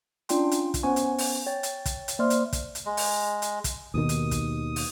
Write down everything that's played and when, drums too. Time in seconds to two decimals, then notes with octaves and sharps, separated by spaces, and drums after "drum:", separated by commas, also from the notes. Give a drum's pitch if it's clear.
0.29 C#4 D4 F4 D5 G5 C6, drum: hi-hat
0.51 drum: hi-hat
0.74 drum: kick, hi-hat
0.83 B3 C#4 C5 F#5 G#5 C#6
0.96 drum: hi-hat
1.18 drum: open hi-hat
1.46 C#5 G5 A6
1.63 drum: hi-hat
1.85 drum: kick, hi-hat
2.08 drum: hi-hat
2.19 A#3 C5 D5 E5 C6 F6
2.30 drum: hi-hat
2.53 drum: kick, hi-hat
2.75 drum: hi-hat
2.86 G#3
2.97 drum: open hi-hat
3.42 drum: hi-hat
3.64 drum: kick, hi-hat
3.94 D#2 B2 D#3 D#6
4.09 drum: hi-hat
4.31 drum: kick, hi-hat
4.76 drum: open hi-hat